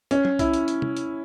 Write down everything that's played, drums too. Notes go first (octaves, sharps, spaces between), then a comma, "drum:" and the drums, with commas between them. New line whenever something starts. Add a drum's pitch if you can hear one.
C#4, drum: hi-hat
drum: tom
E4, drum: kick B1, hi-hat
drum: hi-hat
drum: hi-hat
drum: tom
drum: hi-hat